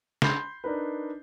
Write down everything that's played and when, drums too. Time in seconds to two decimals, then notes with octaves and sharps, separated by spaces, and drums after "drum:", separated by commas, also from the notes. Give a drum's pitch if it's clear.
0.22 B5 C6 G6 C7, drum: snare
0.64 D4 D#4 A#4 B4